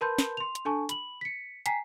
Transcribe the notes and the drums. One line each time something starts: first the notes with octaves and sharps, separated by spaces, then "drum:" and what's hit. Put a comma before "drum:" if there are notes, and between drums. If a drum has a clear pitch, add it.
A#4 B4 A5 B5 C6 G6
drum: snare
C6 F7
drum: hi-hat
D4 A4 G#5 A5 C#6
B5 F#7, drum: hi-hat
B6 C#7
G5 G#5 A#5 B6 C7, drum: hi-hat